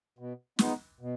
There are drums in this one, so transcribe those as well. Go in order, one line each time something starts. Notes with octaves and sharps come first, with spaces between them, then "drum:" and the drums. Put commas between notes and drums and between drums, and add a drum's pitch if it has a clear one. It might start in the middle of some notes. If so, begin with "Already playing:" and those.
B2
G#3 B3 D#4, drum: snare
B2